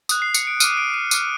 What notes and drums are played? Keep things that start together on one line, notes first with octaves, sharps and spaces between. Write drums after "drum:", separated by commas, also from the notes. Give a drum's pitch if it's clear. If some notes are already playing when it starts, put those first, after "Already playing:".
D#6 F#6, drum: tambourine
C7
C#7, drum: tambourine
D7
D6 F6 D#7, drum: tambourine
D7
D#7
D6 F6 D#7, drum: tambourine